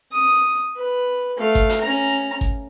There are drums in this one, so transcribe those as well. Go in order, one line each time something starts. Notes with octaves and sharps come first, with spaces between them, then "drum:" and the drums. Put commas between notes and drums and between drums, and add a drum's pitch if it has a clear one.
D#6
B4
A3 F5
drum: kick G#1
drum: hi-hat
C#4 A#5
drum: kick G#1